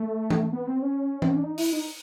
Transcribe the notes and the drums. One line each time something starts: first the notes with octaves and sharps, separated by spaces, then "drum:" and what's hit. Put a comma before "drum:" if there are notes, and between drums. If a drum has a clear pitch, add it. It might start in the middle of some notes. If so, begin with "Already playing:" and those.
Already playing: A3
drum: tom E3
B3
C4
C#4
C4, drum: tom E3
C#4
D4
D#4
E4, drum: open hi-hat
D#4